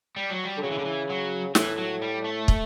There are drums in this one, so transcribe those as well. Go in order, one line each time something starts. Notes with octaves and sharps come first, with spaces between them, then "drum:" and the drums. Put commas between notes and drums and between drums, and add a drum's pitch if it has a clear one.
G3
F#3
G3
D3
C#3 F#3
E3
D3
E3
F#3
A2 E3, drum: snare
F#3
G3
A3
drum: kick